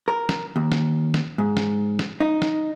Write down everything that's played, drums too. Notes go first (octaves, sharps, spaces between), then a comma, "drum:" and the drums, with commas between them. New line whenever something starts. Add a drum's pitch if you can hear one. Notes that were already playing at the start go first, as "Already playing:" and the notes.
A#4
drum: snare
D#2
drum: snare
drum: snare
G#2
drum: snare
drum: snare
D#4
drum: snare